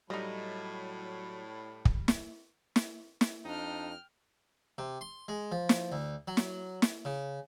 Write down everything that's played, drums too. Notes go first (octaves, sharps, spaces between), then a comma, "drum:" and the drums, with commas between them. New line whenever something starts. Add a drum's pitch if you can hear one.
A2 F#3 G3 D#4 D#5
drum: kick
drum: snare
drum: snare
drum: snare
F2 D4 D#4 G5 F6
C3
C6
G#3
F3
drum: snare
D2
F#3
drum: snare
drum: snare
C#3